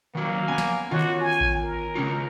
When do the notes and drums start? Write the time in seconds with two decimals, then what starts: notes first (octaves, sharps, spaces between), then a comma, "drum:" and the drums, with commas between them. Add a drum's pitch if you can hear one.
0.15 D#3 F#3 A#3
0.48 B3 C#4 G#5
0.58 drum: snare
0.91 D#3 F4 F#4 C#5 D6
1.21 G#5
1.41 drum: kick A1
1.64 A#4
1.95 C#3 C#4 F4